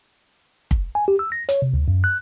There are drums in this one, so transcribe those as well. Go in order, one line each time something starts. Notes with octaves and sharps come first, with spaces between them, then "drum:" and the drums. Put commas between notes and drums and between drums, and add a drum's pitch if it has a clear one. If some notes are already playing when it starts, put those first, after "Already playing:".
drum: kick
G#5
G4
E6
A#6
C#5, drum: hi-hat
C3
D2
F#2
F#6